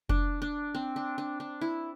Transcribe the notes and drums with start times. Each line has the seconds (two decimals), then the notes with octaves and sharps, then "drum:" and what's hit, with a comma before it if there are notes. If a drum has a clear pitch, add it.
0.09 D4, drum: kick F1
0.42 D4
0.75 C4
0.96 D4
1.18 D4
1.40 D4
1.61 E4